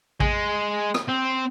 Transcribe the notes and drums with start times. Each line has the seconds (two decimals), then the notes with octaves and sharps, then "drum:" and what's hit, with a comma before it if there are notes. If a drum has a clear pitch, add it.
0.20 G#3, drum: kick A1
0.94 drum: rim click
1.09 C4